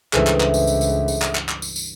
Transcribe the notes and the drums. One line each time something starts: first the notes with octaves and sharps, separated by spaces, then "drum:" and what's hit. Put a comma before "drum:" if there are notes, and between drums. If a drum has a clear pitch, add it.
C#2 G2 E3 G#4 A4 C5 E5, drum: clap
drum: clap
drum: clap
drum: tambourine
drum: tambourine
drum: tambourine
drum: tambourine
drum: clap
drum: clap
drum: clap
drum: tambourine
drum: tambourine